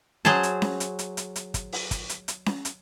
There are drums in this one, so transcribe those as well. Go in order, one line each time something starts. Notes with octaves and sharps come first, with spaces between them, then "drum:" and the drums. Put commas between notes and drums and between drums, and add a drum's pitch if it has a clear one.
F#3 G#4 C5 A5, drum: snare C#4
drum: hi-hat
drum: snare C#4
drum: hi-hat
drum: hi-hat
drum: hi-hat
drum: hi-hat
drum: kick, hi-hat
drum: open hi-hat
drum: kick, hi-hat
drum: hi-hat
drum: hi-hat
drum: snare C#4
drum: hi-hat